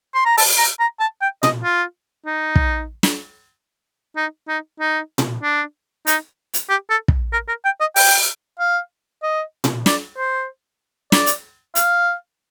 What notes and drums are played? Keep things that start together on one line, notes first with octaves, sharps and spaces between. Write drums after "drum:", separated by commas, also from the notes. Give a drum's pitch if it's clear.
C6
A#5
A5, drum: open hi-hat
A#5
A#5
A5
G5
D#5, drum: tom A#2
F4
D#4
drum: kick
drum: snare
D#4
D#4
D#4
drum: tom A#2
D4
D#4, drum: hi-hat
drum: hi-hat
G4
A4
drum: kick
A#4
A#4
G5
D#5
G5, drum: open hi-hat
F5
D#5
drum: tom A#2
D5, drum: snare
C5
D5, drum: snare
drum: hi-hat
F5, drum: hi-hat